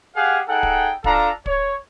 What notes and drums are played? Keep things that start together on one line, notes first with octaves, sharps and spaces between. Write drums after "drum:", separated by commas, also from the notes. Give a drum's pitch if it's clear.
G4 G#4 F5 F#5
D#4 G#4 A4 F#5 G5
drum: kick
D4 F4 A4 F5 A#5, drum: kick
C#5, drum: kick